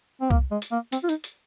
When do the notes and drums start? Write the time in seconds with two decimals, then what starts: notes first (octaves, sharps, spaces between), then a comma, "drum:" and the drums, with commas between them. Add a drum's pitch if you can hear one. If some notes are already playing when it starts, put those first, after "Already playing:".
0.21 C4
0.30 A#3, drum: kick C2
0.51 G#3
0.62 drum: hi-hat
0.72 A#3
0.92 C4, drum: hi-hat
1.04 F4
1.09 D#4, drum: hi-hat
1.24 drum: hi-hat